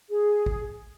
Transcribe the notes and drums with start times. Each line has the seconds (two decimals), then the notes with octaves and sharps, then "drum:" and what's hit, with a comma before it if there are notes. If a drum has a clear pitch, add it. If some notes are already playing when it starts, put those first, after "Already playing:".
0.10 G#4
0.46 drum: kick